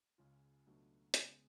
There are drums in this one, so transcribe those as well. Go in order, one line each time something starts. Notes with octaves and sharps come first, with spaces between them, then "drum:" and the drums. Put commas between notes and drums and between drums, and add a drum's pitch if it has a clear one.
C#2 C#3 G#3 C#4 F4
C#2 B2 F#3 A3 D4
C#3 G#3 B3, drum: hi-hat